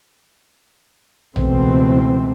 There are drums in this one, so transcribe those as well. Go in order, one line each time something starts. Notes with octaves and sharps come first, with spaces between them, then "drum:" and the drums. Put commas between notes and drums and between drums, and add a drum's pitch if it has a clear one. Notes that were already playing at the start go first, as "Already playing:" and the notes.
C#2 B2 E3 A3 C4, drum: tom A#1